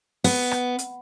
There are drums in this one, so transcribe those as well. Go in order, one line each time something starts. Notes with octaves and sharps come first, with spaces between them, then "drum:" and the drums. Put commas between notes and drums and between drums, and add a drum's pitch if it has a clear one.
B3, drum: open hi-hat
drum: rim click
drum: hi-hat